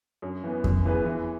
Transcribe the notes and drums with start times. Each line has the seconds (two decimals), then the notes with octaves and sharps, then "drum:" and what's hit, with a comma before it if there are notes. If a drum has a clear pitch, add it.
0.22 F#2
0.44 E3 B3
0.64 F#2, drum: kick F2
0.85 E3 B3 G#4 B4
1.06 E3